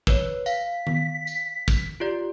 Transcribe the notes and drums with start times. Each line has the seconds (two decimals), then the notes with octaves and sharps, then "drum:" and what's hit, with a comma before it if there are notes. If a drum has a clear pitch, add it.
0.07 B4 C#5, drum: kick, tambourine
0.46 F5 B6, drum: tambourine
0.87 drum: tom D#3
1.27 drum: tambourine
1.68 drum: kick, tambourine
2.00 F4 G4 D5